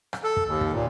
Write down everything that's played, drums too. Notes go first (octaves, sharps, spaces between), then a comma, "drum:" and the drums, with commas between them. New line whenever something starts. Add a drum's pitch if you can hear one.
drum: rim click
A4
drum: kick
D#2
drum: kick
A#2